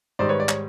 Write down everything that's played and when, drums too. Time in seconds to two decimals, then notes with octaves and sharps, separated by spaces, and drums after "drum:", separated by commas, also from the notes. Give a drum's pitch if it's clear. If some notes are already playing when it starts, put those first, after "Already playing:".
0.19 G#2 D#3 G3 C5 D5
0.29 B4 C#5
0.40 D5
0.49 C#5, drum: clap